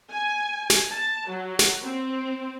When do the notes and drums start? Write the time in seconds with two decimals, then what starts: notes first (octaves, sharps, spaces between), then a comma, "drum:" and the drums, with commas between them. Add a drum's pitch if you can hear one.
0.10 G#5
0.70 drum: snare
0.91 A5
1.29 F#3
1.59 drum: snare
1.84 C4